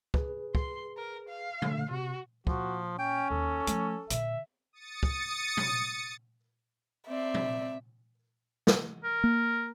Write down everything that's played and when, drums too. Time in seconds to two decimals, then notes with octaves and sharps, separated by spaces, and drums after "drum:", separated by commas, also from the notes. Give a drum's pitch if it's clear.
0.14 G#4 B4, drum: kick
0.55 C6, drum: kick
0.97 A#4
1.29 F5
1.62 D3 A3, drum: tom A#2
1.91 C3 F#4
2.47 A#2 F3 F#4, drum: kick
2.99 C#4 G5
3.30 D#2 A4
3.67 F3 A3, drum: hi-hat
4.10 A#2 D3 E5, drum: hi-hat
4.73 D#6 A6 C#7
5.03 drum: kick
5.57 drum: tom A#2
7.08 C4 D5 E5
7.34 drum: tom A#2
8.67 drum: snare
9.04 A#4
9.24 A#3